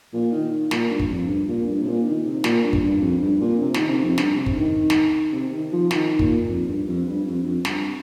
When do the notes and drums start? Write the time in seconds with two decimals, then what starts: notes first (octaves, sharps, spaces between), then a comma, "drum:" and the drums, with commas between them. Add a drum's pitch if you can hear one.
0.13 A#2
0.32 D#3
0.71 A#2, drum: snare
0.90 G2
1.00 drum: kick
1.10 F2
1.28 G2
1.48 A#2
1.67 G2
1.82 C3
1.86 A#2
2.06 D#3
2.24 C3
2.44 A#2, drum: snare
2.64 G2
2.73 drum: kick
2.83 G2
3.02 F2
3.21 G2
3.40 A#2
3.59 C3
3.74 D#3, drum: snare
3.89 C3
4.03 F2
4.18 G2, drum: snare
4.36 C3
4.46 drum: kick
4.56 D#3
4.90 drum: snare
5.33 C3
5.52 D#3
5.72 F3
5.91 D#3, drum: snare
6.19 A#2, drum: kick
6.49 F2
6.68 G2
6.88 F2
7.07 G2
7.26 F2
7.45 F2
7.65 G2, drum: snare